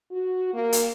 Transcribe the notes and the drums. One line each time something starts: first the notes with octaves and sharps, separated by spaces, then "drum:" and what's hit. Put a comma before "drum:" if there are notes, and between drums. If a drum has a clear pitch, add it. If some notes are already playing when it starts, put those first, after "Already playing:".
F#4
A#3
drum: hi-hat